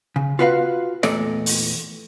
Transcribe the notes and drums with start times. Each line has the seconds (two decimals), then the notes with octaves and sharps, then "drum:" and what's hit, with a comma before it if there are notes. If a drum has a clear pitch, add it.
0.16 C#3
0.39 F4 F#4 B4 E5 F5
1.03 E2 A#2 A3 D5 D#5, drum: snare
1.46 drum: open hi-hat